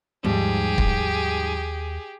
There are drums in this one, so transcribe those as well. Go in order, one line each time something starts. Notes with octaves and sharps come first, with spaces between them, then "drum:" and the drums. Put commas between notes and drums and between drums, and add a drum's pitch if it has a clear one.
D#2 G#2 F3 G3 G4 G#4
drum: kick